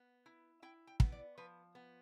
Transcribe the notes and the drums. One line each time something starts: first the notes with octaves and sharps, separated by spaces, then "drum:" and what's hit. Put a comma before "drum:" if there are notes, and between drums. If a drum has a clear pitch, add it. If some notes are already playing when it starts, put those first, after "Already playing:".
Already playing: B3
E4
E4 G5
G5
B3, drum: kick
D5
F3 B4
B3